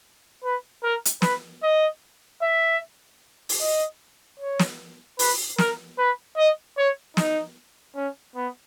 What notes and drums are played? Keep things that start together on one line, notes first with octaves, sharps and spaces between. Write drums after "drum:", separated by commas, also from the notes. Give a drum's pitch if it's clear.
B4
A#4
drum: hi-hat
B4, drum: snare
D#5
E5
drum: open hi-hat
D#5
C#5
drum: snare
B4, drum: open hi-hat
A#4, drum: snare
B4
D#5
C#5
D#4, drum: snare
C#4
B3